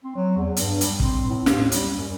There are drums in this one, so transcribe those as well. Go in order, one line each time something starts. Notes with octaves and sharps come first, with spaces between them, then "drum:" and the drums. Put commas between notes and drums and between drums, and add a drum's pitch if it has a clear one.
C4
F#3
E2
G2, drum: hi-hat
G3, drum: hi-hat
C4, drum: kick
A2
D#2, drum: snare
G3, drum: hi-hat
F#2